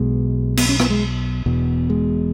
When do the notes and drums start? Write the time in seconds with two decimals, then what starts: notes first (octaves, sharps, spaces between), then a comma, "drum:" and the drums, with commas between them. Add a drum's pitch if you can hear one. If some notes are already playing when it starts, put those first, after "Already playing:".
Already playing: B1 B2 G#3
0.57 B3, drum: cymbal
0.69 C#4
0.80 B3, drum: rim click
0.90 G#3
1.46 E1 E2 B2
1.90 G#3